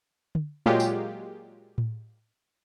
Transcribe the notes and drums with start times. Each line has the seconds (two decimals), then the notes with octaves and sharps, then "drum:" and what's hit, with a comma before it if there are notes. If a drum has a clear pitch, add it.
0.35 drum: tom
0.66 A#2 F#3 G#3 F4 G4, drum: tom
0.80 drum: tambourine
1.78 drum: tom A2